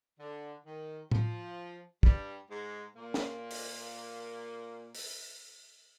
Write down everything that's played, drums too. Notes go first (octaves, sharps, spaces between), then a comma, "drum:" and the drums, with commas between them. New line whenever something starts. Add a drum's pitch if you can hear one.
D3
D#3
F3, drum: tom A2
G2 G3, drum: kick
G#2 G#3
A#2 A#3
drum: snare
drum: open hi-hat
drum: open hi-hat